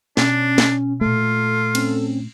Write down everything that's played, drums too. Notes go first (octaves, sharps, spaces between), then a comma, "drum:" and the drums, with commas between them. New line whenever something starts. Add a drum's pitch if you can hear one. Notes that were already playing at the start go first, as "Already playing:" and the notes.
B2 C#4 D4, drum: snare
drum: snare
A#2 A3 F4 A4
C4 C#4, drum: cymbal